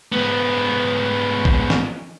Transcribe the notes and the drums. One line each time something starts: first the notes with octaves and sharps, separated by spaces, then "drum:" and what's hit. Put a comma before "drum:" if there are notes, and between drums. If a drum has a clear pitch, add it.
G#2 B3
drum: kick
drum: snare